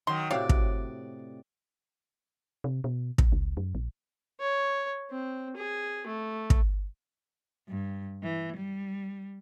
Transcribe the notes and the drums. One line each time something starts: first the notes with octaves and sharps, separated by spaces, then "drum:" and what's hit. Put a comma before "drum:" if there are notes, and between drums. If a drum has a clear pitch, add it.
D#3 F#3 C6
A2 C3 F#4 G4 C#5 D5 F5
drum: kick
C3
B2
A#1, drum: kick
C#2
F#2
A#1
C#5
C4
G#4
A3
drum: kick
G2
E3
G3